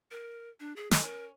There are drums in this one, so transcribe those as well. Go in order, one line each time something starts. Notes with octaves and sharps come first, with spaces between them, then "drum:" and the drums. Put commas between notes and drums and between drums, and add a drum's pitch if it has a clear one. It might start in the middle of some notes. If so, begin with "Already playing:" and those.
A#4
D4
G#4
E3 F#3 G#3 A4, drum: snare
C#4 A#4